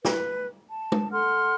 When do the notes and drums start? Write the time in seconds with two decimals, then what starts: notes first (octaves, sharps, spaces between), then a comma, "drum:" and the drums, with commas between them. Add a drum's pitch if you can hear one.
0.05 B4, drum: snare
0.69 A5
0.92 drum: tom
1.12 A4 F#5 C6 F6